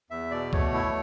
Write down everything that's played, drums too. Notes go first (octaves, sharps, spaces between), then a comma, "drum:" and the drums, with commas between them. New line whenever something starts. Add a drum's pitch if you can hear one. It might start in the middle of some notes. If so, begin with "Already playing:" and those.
E2 E5
B2 D5
A3 C#5, drum: kick C#2
E4